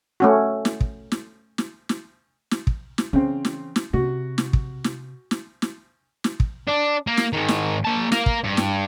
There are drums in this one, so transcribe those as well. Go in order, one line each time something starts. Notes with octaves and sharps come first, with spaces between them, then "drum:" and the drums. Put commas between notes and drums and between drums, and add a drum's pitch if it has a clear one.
A3 C#4 F#4
drum: snare
drum: kick
drum: snare
drum: snare
drum: snare
drum: snare
drum: kick
drum: snare
C#3 E3 C4
drum: snare
drum: snare
C3 F#4
drum: snare
drum: kick
drum: snare
drum: snare
drum: snare
drum: snare
drum: kick
D4
A#3
drum: snare
G#2 D#3
drum: snare
A#3 A5
A#4 F5, drum: snare
drum: kick
G2
drum: snare